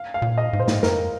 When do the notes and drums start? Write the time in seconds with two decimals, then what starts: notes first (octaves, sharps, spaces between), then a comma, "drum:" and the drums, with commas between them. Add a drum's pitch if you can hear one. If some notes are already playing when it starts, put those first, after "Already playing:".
Already playing: F5
0.14 F5
0.22 A#2
0.38 D#5
0.53 G#2
0.59 A#2 C5
0.68 G#2, drum: snare
0.83 F2 A#4, drum: snare